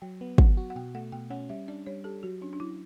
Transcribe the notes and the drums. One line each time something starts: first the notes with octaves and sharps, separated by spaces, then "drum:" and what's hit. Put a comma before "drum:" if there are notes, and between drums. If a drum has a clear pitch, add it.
F#3 G5
B3
F#3 F#5, drum: kick
F#4
F#5
B2 G5
A3 F#5
B2 G5
C#4 F#5
G3 E5
D4 D5
G3 C#5
G4 A4
F#3 F#4
C#4 D4
D4
F#3 E4